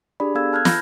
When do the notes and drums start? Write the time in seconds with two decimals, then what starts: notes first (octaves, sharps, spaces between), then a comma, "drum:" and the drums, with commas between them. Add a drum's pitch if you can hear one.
0.20 D4 G4 G#4 D5 B5
0.35 B3 A4 F5 E6 G#6
0.53 A5 F6 F#6 G#6
0.65 B5 G6 A#6, drum: snare